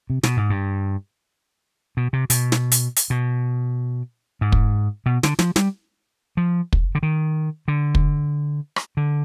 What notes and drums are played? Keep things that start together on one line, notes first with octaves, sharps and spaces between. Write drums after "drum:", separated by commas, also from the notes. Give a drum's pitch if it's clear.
C3
B2, drum: snare
G#2
G2
B2
C3
B2, drum: hi-hat
drum: snare
drum: hi-hat
drum: hi-hat
B2
G#2
drum: kick
B2
D3, drum: snare
F3, drum: snare
G3, drum: snare
F3
drum: kick
D3
D#3
D3
drum: kick
drum: rim click
D3